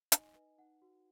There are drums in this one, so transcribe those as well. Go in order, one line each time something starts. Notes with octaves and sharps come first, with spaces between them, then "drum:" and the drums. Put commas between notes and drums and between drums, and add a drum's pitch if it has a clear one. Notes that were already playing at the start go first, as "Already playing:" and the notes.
D#4 D#5 G#5, drum: hi-hat
B4
D#4 F#5
F#4